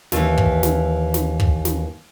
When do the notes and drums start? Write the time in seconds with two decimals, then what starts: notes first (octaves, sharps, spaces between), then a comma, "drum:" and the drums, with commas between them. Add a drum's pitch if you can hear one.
0.12 D#2 E3, drum: snare
0.38 drum: kick
0.63 drum: snare
1.14 drum: snare
1.40 drum: kick
1.65 drum: snare